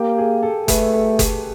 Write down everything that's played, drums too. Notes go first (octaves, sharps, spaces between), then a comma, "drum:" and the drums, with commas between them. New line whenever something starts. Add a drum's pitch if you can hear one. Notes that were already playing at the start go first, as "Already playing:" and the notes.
Already playing: A#3 G4
G#4
A4
A3 B4, drum: kick F#1, hi-hat
A4
A4, drum: kick F#1, hi-hat